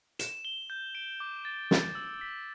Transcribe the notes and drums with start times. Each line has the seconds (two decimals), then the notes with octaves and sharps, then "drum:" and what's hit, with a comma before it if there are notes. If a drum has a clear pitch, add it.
0.19 E7, drum: hi-hat
0.45 G7
0.70 G6
0.95 D7
1.20 D6
1.45 A6
1.71 A6, drum: snare
1.95 E6
2.21 B6